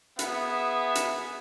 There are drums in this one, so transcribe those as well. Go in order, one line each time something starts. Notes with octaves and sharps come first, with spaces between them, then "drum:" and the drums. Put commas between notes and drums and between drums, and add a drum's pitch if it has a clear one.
B3 G#4 E5, drum: hi-hat
drum: hi-hat